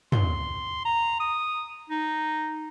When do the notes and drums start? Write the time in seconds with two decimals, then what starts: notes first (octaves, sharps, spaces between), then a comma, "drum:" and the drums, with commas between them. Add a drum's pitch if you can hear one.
0.12 C6, drum: tom
0.85 A#5
1.20 D#6
1.90 D#4